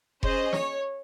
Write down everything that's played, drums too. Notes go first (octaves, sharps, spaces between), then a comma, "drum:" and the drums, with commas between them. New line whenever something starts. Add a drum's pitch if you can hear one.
C#4 G#4 C5 D#5, drum: kick F1
C#5, drum: snare